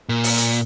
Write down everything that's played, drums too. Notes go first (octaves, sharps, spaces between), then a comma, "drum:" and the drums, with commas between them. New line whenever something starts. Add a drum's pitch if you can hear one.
A#2
drum: open hi-hat
drum: hi-hat